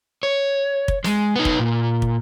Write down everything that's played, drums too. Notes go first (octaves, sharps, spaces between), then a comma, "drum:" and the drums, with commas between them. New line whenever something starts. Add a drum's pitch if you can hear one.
C#5
drum: kick
G#3, drum: snare
B3 D#4
drum: kick
A#2
drum: kick